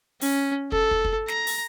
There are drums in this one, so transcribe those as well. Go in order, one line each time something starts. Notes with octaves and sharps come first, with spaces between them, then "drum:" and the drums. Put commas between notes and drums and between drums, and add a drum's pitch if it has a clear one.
C#4, drum: open hi-hat
A4, drum: kick
drum: kick
drum: kick
A#5, drum: snare
drum: open hi-hat